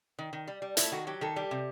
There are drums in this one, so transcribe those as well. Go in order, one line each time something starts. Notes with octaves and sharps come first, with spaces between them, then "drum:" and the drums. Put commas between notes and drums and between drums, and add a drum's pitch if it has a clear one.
D#3
D#3
G3
G3
A3 E4, drum: hi-hat
D#3 F#4
F#3 G4
D#3 A4
G3 G4
C3